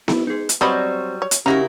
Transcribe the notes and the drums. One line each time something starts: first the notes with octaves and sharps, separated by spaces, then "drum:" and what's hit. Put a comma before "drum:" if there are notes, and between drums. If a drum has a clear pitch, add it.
E4, drum: snare B3
D#4 G#4
drum: hi-hat
F#3 G3 B3 C4 C5 C#5 D#5 B5
C#5
drum: hi-hat
C#3 F#3 C#4 D#4 E4 G4 A#4 A#5